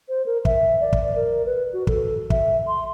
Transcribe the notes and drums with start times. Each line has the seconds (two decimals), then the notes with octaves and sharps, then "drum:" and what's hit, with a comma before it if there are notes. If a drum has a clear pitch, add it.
0.09 C5
0.26 A#4
0.45 E5, drum: kick
0.80 D5
0.93 drum: kick
1.15 A#4
1.46 B4
1.73 F#4
1.87 A4, drum: kick
2.30 E5, drum: kick
2.67 C6